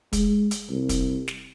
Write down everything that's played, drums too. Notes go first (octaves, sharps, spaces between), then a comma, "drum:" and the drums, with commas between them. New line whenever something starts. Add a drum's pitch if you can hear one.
G#3, drum: kick, hi-hat
drum: hi-hat
C2
drum: kick, hi-hat
drum: snare